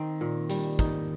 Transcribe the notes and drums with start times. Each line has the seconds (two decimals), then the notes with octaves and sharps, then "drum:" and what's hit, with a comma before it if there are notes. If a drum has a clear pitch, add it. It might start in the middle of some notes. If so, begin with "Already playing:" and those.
Already playing: D#3 C4 D#4
0.21 A#2
0.49 G3, drum: hi-hat
0.79 D#4, drum: kick, hi-hat